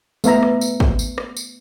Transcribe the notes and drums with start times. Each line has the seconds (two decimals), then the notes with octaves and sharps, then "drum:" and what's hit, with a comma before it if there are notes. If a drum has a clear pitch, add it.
0.24 A3 B3 E5 A#5, drum: tambourine
0.43 drum: rim click
0.61 drum: tambourine
0.80 drum: kick
0.99 drum: tambourine
1.18 drum: rim click
1.37 drum: tambourine